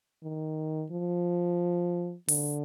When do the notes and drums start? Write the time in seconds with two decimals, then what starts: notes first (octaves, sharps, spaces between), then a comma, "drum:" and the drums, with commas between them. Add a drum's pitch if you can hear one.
0.23 D#3
0.91 F3
2.28 D3, drum: open hi-hat